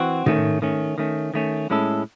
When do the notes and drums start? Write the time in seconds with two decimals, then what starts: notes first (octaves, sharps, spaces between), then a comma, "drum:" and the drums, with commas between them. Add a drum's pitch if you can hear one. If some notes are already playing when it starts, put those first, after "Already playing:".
Already playing: E3 C4 F#4
0.26 D#3 A3 C#4, drum: tom
0.62 D#3 A3 C#4
0.98 D#3 A3 C#4
1.34 D#3 A3 C#4
1.70 A2 G#3 C#4 E4 A4